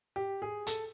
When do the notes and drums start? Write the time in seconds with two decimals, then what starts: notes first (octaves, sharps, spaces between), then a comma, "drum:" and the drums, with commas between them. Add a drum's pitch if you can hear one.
0.16 G4
0.42 G#4
0.67 A4, drum: hi-hat